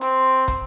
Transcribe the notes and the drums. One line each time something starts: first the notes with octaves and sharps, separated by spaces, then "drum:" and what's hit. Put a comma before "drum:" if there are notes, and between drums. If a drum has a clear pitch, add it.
C4, drum: hi-hat
drum: kick, hi-hat